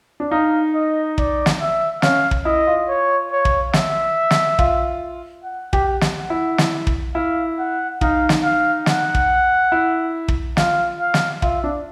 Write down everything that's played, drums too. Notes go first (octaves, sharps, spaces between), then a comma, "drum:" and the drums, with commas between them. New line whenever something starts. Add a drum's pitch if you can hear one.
D4
D#4 F5
D#5
D5, drum: kick
drum: snare
E5
C#4 F5, drum: snare
drum: kick
E4 D#5
F4
C#5
C#5
drum: kick
E5, drum: snare
drum: snare
F4, drum: kick
F#5
G4, drum: kick
drum: snare
E4
drum: snare
drum: kick
E4 F5
F#5
D#4 F5, drum: kick
drum: snare
F5
F#5, drum: snare
drum: kick
E4
drum: kick
F4 F5, drum: snare
F5
drum: snare
F4 E5, drum: kick
D4